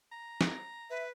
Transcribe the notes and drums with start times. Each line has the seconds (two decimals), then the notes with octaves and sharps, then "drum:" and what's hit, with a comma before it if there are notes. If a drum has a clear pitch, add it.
0.12 A#5
0.41 drum: snare
0.90 B4 E5